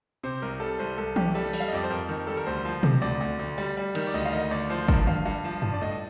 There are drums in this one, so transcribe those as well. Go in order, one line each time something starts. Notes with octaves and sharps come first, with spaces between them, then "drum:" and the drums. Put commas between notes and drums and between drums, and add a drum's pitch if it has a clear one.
C3 C5
C2 A#4
G3 A4
C2 C5
C2 A4
C2 G4, drum: tom E3
G3 A4
G3, drum: open hi-hat
F5
D#5
F2 D5
C5
F2 A#4
D#3
G3 A4
A#4
D2 C5
F3
C3, drum: tom B2
D2 D5
D2
D2
G3
G3
D#3, drum: cymbal
D5
D2 D#5
F5
D#3 D#5
D2 D5
F3 C5
G2 A#4, drum: kick
G2 F5, drum: tom D3
G2 F5
F3
G2, drum: tom F#2
D5
A2 D#5